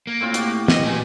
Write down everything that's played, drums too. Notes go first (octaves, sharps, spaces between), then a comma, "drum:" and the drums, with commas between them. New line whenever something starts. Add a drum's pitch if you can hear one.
A#3
A2 C4 F4
F#4 G4, drum: hi-hat
B2 D#5, drum: snare
A#2 G#5